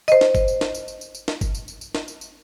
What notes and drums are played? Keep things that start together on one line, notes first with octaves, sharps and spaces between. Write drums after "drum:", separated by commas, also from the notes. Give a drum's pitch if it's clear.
C5 D#5, drum: tambourine
drum: snare
drum: kick G1, tambourine
drum: tambourine
drum: snare
drum: tambourine
drum: tambourine
drum: tambourine
drum: tambourine
drum: snare
drum: kick G1, tambourine
drum: tambourine
drum: tambourine
drum: tambourine
drum: snare
drum: tambourine
drum: tambourine